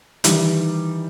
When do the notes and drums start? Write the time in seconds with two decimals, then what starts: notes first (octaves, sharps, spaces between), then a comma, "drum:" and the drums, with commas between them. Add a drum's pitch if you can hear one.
0.24 D#3 E3 G3, drum: hi-hat